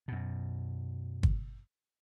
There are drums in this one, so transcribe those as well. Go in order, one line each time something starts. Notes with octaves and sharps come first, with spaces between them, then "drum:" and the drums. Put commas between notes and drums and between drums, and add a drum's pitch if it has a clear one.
F#2 B2
drum: kick